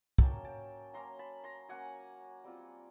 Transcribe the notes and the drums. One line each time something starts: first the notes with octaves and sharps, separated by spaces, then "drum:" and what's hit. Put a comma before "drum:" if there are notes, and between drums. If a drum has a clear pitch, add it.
F#3 A#3 C#4 G5 A5, drum: kick
G5 A5
F#3 A#3 C#4 A#5 C6
A5 B5
A#5 C6
F#3 A#3 C#4 F#5 G#5
G3 C4 F4